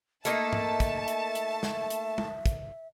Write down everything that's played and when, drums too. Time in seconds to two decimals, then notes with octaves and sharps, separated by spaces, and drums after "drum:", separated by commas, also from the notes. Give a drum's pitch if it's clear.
0.25 A3 A#3 D#4 E5 A5, drum: hi-hat
0.53 drum: tom G#2
0.80 drum: kick, hi-hat
1.08 drum: hi-hat
1.35 drum: hi-hat
1.63 drum: snare
1.90 drum: hi-hat
2.18 drum: tom
2.46 drum: kick, hi-hat